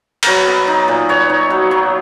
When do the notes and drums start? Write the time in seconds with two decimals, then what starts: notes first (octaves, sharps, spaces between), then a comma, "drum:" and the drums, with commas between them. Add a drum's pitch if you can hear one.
0.23 F#3 A#4 B4, drum: cymbal
0.47 B3
0.68 D#4
0.88 A#2
1.09 B3 C#5
1.30 D#4
1.50 F#3
1.71 F#3